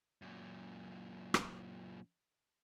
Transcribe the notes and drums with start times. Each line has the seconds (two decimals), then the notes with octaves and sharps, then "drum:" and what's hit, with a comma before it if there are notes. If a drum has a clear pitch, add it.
0.22 F#2 A#2
1.34 drum: rim click